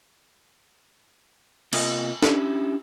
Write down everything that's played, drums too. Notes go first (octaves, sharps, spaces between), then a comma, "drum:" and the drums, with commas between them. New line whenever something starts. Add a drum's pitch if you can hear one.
C3 A#3 F4 D#5, drum: cymbal
C#4 D4 E4 G4 E5, drum: snare